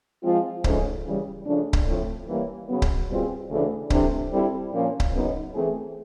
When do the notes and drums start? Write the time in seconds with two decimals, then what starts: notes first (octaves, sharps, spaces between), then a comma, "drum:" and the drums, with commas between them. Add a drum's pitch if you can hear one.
0.23 F3 G#3 C4 F4
0.64 G#2 F3 A3 C#4, drum: kick C#1
1.05 C#3 E3 G3
1.45 C#3 F3 A3 D4
1.73 drum: kick C#1
1.87 A2 F3 A3 C4
2.28 E3 G3 A#3 C#4
2.69 C#3 F#3 B3
2.82 drum: kick C#1
3.10 B2 G3 C4 F4 G#4
3.50 D2 C#3 E3 A3 D4
3.90 C3 E3 A3 D4, drum: kick C#1
4.32 G3 C4 E4 A4
4.72 A#2 F3 A#3 C#4
5.00 drum: kick C#1
5.13 F#2 C#3 F#3 B3 D#4
5.54 E3 A3 C4 E4 G#4